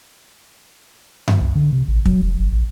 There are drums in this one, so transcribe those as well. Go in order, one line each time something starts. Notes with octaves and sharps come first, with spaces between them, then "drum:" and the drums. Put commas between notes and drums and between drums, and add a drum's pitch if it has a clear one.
drum: tom F#2
C2
D3
C3
A1
F#3, drum: kick
F1
G1
A#1